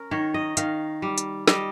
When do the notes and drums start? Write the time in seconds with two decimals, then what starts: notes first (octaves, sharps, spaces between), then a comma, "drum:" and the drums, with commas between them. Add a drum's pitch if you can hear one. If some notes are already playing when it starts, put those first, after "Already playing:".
Already playing: C#4 A#4
0.11 D#3 C#5
0.34 D#5
0.57 D#3 F5, drum: hi-hat
1.02 G3
1.18 drum: hi-hat
1.48 G3 D#5, drum: snare